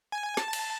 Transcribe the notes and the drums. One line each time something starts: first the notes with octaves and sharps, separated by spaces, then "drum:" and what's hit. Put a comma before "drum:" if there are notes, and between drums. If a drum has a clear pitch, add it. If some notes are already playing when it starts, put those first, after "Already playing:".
G#5
A5, drum: snare
drum: cymbal